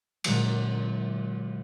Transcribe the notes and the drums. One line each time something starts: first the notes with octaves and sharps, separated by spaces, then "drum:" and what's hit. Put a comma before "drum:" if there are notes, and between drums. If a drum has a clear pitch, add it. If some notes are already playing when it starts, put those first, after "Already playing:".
A#2 D3 F3 F#3 G#3 A#3, drum: cymbal